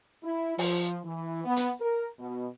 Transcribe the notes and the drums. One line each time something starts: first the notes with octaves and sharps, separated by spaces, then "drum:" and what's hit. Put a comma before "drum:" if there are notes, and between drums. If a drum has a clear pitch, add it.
E4
F3, drum: open hi-hat
E3
B3
drum: hi-hat
A#4
B2